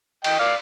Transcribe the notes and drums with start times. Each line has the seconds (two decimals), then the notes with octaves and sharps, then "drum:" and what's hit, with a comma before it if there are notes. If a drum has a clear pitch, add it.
0.24 D#5 G5, drum: cymbal
0.39 D5 F5